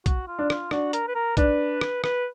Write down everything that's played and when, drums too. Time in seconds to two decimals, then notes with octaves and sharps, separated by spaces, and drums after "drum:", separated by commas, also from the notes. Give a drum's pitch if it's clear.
0.06 F#4, drum: kick B1, hi-hat
0.27 F4
0.39 D4
0.50 F4, drum: rim click
0.71 D4 F#4, drum: rim click
0.93 A#4, drum: hi-hat
1.08 B4
1.15 A#4
1.37 D4 B4, drum: kick B1, hi-hat
1.81 drum: rim click
2.04 B4, drum: rim click